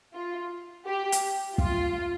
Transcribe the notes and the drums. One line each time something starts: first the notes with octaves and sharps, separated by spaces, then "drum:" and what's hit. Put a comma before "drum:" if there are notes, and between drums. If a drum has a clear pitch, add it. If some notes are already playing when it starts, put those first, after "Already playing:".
F4
G4
drum: hi-hat
F4, drum: kick